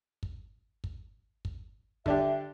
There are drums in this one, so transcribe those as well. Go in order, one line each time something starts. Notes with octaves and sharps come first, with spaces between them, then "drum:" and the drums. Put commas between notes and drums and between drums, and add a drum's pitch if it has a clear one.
drum: kick
drum: kick
drum: kick
D3 D4 G4 E5, drum: kick